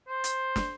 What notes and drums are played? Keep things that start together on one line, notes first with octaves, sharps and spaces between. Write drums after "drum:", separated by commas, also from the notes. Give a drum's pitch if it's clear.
C5
drum: hi-hat
drum: snare